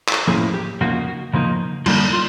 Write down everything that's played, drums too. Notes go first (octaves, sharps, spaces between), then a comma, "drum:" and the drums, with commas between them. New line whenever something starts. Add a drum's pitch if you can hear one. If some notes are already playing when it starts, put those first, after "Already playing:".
drum: clap
A2 F3 A#3 C#4 E4 G#4
G4
C#3 F3 A#3 D#4 F#4
C#3 F3 A#3 D#4
D3 G3 A#3 D#4 F4, drum: cymbal
F4